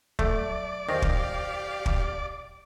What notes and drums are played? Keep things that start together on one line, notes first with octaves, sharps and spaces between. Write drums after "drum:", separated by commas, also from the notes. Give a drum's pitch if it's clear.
F#3 A3 D5, drum: kick
E2 D#3 G4 C5 F5 A#6
drum: kick
drum: kick